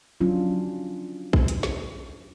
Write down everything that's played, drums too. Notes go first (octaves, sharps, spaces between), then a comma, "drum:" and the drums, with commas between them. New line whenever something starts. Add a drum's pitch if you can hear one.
F#3 C#4 D4 F4
drum: kick
drum: hi-hat
drum: snare